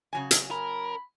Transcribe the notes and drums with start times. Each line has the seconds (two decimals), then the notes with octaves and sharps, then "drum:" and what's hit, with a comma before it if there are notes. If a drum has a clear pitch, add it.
0.13 C#3 F#3 G#5
0.31 drum: hi-hat
0.51 A#4 B5